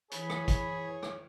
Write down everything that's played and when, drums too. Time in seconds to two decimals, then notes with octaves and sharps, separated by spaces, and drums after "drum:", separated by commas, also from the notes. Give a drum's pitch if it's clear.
0.11 E3 G#4 C#5 B5, drum: hi-hat
0.30 drum: rim click
0.48 drum: kick, hi-hat
1.03 drum: rim click